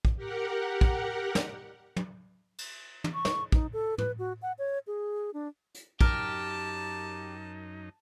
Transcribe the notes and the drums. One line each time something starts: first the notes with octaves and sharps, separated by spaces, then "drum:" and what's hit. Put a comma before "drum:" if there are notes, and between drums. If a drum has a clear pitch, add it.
drum: kick
G4 A#4 F#5
drum: kick
drum: snare
drum: tom
drum: cymbal
drum: tom
C#6
drum: snare
D#4, drum: kick
A4
B4, drum: tom
F#4
F#5
C#5
G#4
D4
drum: hi-hat
F#2 D#4 G4 A#4 A5, drum: kick